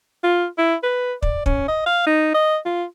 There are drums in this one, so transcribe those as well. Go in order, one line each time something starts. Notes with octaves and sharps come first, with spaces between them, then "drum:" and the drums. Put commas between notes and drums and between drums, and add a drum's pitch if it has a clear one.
F4
E4
B4
D5, drum: kick
C#4, drum: kick
D#5
F5
D#4
D#5
F4